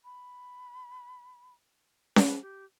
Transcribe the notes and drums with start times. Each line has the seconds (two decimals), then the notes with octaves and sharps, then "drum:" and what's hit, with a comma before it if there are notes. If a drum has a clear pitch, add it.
0.05 B5
2.16 B4, drum: snare C#4
2.42 G4